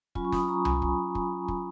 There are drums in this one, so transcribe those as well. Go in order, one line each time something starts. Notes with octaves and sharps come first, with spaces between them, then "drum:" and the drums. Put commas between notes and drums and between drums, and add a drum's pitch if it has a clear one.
F#3 C#4 F4 G#5 B5, drum: kick
C#6
B5 D#6, drum: snare
A#5 C#6
G#5 B5, drum: tom C2
drum: kick
drum: kick
drum: kick